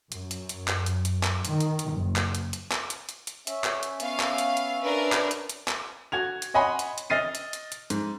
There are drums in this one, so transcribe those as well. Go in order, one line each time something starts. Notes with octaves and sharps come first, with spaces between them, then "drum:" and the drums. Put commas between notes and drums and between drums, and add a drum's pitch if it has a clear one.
F#2, drum: hi-hat
drum: hi-hat
drum: hi-hat
drum: clap
drum: hi-hat
drum: hi-hat
drum: clap
D#3, drum: hi-hat
drum: hi-hat
drum: hi-hat
F#1
drum: clap
drum: hi-hat
drum: hi-hat
drum: clap
drum: hi-hat
drum: hi-hat
drum: hi-hat
C#4 E5, drum: hi-hat
drum: clap
drum: hi-hat
B3 F5, drum: hi-hat
drum: clap
drum: hi-hat
drum: hi-hat
D4 A#4 B4
drum: clap
drum: hi-hat
drum: hi-hat
drum: clap
F#4 G#6 F7
drum: hi-hat
C#5 D#5 F#5 G#5 B5 C6
drum: hi-hat
drum: hi-hat
D#5 F6 A6 C7 D#7
drum: hi-hat
drum: hi-hat
drum: hi-hat
G#2, drum: hi-hat